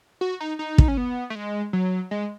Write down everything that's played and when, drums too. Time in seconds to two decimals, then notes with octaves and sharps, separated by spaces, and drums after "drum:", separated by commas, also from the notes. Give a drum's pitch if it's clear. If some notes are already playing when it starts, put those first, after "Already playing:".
0.21 F#4
0.40 D#4
0.59 D#4
0.78 drum: kick
0.88 C#4
0.97 B3
1.30 A3
1.35 G#3
1.73 F#3
2.11 G#3